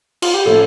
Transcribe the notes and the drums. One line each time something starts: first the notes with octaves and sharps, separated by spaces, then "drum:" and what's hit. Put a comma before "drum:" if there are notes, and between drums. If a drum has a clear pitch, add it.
F4, drum: cymbal
G4
A2 F3 A3 C#4 A4